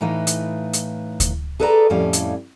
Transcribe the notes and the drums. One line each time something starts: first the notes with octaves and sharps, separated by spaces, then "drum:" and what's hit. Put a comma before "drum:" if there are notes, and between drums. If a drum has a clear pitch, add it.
A2 E3 D#4 B4 F5
drum: hi-hat
drum: hi-hat
drum: kick D2, hi-hat
G#4 A4 B4 D5 F#5 A#5
F2 A2 G3 C#4 F5
drum: hi-hat